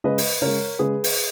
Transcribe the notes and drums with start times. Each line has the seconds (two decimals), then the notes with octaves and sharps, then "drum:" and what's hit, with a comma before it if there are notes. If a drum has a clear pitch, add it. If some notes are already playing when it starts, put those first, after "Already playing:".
0.04 C#3 G#3 B4 D#5
0.18 drum: open hi-hat
0.42 C#3 G#3 A#4 C#5
0.79 C#3 G#3 G#4 B4
1.04 drum: open hi-hat